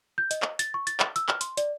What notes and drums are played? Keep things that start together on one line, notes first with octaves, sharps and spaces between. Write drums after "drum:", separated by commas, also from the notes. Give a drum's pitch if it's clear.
G6
D#5, drum: hi-hat
drum: clap
A6, drum: hi-hat
C#6
A6, drum: hi-hat
drum: clap
E6, drum: hi-hat
F6, drum: clap
C6, drum: hi-hat
D5, drum: hi-hat